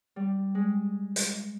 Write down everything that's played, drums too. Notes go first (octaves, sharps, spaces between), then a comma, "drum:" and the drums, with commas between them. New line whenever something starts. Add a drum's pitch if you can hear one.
G3
G#3
drum: hi-hat